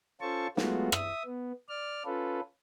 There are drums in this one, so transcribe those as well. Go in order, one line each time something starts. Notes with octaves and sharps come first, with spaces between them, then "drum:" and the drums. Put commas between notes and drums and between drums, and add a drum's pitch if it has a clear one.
C#4 F4 A4 C5 A5 C#6
F#3 G#3 A3 B3 F4 F#4, drum: snare
E5 D#6, drum: rim click
B3
D5 F6
C#4 F4 A4 B4